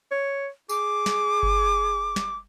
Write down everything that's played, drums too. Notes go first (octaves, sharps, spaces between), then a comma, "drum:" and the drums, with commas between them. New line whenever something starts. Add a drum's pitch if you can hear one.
C#5
G#4 D6, drum: tambourine
drum: snare
drum: kick G1
drum: snare